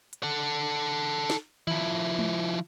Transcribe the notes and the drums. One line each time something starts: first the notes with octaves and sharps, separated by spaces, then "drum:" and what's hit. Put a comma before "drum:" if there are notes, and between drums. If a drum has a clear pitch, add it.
drum: hi-hat
A4 F#5
drum: snare
F3 E4, drum: tom D#3
drum: tom G#3